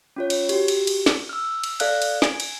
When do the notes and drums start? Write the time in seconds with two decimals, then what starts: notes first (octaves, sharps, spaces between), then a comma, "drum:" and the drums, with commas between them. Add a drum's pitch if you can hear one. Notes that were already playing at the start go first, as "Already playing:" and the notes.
0.16 C#4 F4 C#5
0.30 drum: cymbal
0.49 F#4 G4, drum: cymbal
0.68 drum: cymbal
0.87 drum: cymbal
1.06 drum: snare
1.29 E6 F6
1.64 drum: cymbal
1.80 A4 D5 F5 F6 F#6, drum: cymbal
2.02 drum: cymbal
2.22 G#5, drum: snare
2.40 drum: cymbal